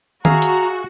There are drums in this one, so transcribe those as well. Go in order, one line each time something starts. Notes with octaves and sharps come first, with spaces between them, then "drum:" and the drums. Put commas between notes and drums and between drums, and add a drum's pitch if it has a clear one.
F#4 G#4 E5 F5 A#5, drum: tom D#3
drum: hi-hat